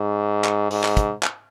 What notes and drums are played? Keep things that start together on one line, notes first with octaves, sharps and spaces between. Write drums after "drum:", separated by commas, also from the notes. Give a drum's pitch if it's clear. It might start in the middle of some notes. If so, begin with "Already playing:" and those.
Already playing: G#2
drum: clap
G#2, drum: open hi-hat
drum: clap
drum: kick, hi-hat
drum: clap